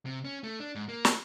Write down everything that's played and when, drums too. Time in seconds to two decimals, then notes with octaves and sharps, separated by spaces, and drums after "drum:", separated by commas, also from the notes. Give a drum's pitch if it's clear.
0.06 C3
0.25 C#4
0.44 A3
0.60 D4
0.75 G#2
0.89 A#3
1.05 drum: snare